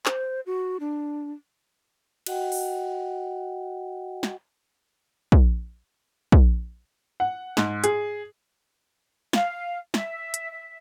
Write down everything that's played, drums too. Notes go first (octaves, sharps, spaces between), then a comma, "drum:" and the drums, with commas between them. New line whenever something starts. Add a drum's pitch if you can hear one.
C5, drum: clap
F#4
D4
F#4 D#5 F#5 G5, drum: cymbal
drum: open hi-hat
drum: snare
drum: kick
drum: kick
F#5
G#2, drum: snare
G#4, drum: hi-hat
F5, drum: snare
E5, drum: snare
drum: hi-hat
E5